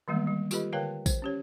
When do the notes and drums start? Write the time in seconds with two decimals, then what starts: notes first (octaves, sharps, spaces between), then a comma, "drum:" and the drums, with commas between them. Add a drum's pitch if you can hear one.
0.08 D#3 E3 G3 G#3 A#3 B3
0.27 G3
0.51 F4 G4 A4 B4 D#5 B5, drum: tambourine
0.73 D3 A#4 B4 C#5 F5 G5
1.06 C5, drum: kick A#1, tambourine
1.22 C#4 G4 C#5